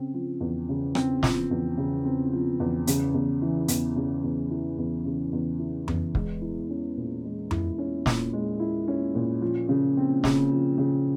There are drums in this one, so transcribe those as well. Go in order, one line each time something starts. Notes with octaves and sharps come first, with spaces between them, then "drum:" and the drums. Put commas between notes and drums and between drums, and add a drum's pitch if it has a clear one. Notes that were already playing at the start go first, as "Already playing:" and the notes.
Already playing: C#3 C4
F3
E2
C#3
C4, drum: rim click
F3, drum: snare
E2
C#3
C4
F3
E2
C#3, drum: hi-hat
E2
E3
E2, drum: hi-hat
C#3
E2
E3
E2
C#3
E2
E3
E2, drum: tom F2
G#3, drum: kick
E4
C#4
A#2
G#3
E4, drum: tom F2
C#4
A#2, drum: snare
G#3
E4
C#4
A#2
F3
C#3
C4
C#3, drum: snare
F3
C#3